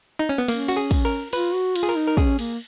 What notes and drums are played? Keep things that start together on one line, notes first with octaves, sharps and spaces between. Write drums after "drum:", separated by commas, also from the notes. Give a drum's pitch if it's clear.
D#4
C#4
B3
A#3 C#4, drum: cymbal
F#4, drum: cymbal
G#4
drum: kick, cymbal
A#4
F4 B4, drum: cymbal
F#4
F4, drum: cymbal
G#4
A#4
D#4
A#4
C#4 G#4, drum: kick
A#3, drum: cymbal